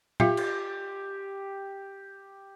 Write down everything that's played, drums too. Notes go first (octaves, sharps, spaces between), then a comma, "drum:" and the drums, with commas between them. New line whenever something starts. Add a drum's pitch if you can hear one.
F4 G4 E5 F5, drum: tom
drum: cymbal